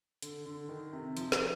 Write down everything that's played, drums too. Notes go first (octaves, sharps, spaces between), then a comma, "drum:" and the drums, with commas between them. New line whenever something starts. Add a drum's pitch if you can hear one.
D3, drum: hi-hat
D3
D#3
C3
F3, drum: hi-hat
drum: snare